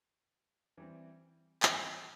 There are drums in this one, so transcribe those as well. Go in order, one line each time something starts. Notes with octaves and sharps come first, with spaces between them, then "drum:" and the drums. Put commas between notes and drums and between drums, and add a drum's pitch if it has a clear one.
E3 G3 C4
E3 G3 C4, drum: clap